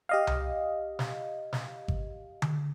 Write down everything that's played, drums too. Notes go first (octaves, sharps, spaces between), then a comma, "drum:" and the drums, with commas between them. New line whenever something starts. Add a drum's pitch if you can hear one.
G4 D#5 F5
drum: tom C2
drum: snare
drum: snare
drum: kick G#1
drum: tom D3